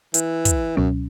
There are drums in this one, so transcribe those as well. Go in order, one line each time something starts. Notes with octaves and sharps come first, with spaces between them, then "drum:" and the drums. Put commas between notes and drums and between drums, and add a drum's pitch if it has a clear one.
E3, drum: hi-hat
drum: kick, hi-hat
C#2 F#2 B2 F#3 C#4